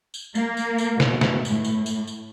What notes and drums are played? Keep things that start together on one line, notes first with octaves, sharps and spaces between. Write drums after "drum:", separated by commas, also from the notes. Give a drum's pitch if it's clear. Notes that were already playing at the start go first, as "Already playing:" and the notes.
drum: tambourine
A#3, drum: tambourine
drum: tambourine
drum: tambourine
B2, drum: snare
drum: snare
A2, drum: tambourine
drum: tambourine
drum: tambourine
drum: tambourine